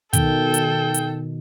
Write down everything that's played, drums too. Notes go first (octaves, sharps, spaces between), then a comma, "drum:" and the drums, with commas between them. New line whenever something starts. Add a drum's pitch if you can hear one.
B2 D#3 A4 G5, drum: kick, hi-hat
drum: hi-hat
drum: hi-hat